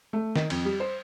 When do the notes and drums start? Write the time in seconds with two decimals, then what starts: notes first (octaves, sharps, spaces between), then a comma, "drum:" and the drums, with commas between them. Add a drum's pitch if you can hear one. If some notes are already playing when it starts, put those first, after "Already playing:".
0.13 A3
0.36 D#3, drum: snare
0.50 F2, drum: cymbal
0.65 G3
0.80 C5